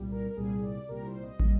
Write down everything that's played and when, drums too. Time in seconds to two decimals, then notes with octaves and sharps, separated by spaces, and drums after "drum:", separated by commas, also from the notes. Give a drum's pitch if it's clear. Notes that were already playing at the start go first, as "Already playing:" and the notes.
Already playing: C2 A#2 G3
0.11 A#4
0.30 A#4
0.37 C2 A#2 G3 G#4
0.62 D5
0.89 C2 A#2 G3 A#4
1.06 C5
1.23 D#5
1.40 A#2 G3, drum: kick